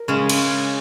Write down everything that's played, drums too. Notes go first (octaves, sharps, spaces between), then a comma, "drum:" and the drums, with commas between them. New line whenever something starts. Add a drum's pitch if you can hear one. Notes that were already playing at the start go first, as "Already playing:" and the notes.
Already playing: A#4
C#3 G#3 C#4
drum: cymbal